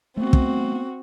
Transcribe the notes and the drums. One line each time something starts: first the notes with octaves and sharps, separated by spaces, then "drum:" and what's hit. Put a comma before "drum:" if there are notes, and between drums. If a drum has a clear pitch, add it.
A3 B3 C4 F#4
drum: kick